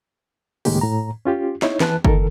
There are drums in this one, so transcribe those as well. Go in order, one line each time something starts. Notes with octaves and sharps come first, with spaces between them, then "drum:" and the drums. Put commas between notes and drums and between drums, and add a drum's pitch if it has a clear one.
C#2 A2 D#3 G#3 A#3 G4, drum: open hi-hat
A2 A#5
C#4 F4 G4
D#4 E4 C#5, drum: snare
E3 B4 A5 F#6, drum: snare
D#3 A4 A#4, drum: kick F#1